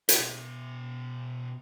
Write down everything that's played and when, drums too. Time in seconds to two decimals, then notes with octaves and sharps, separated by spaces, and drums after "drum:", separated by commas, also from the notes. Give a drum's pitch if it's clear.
0.09 B2 E5, drum: hi-hat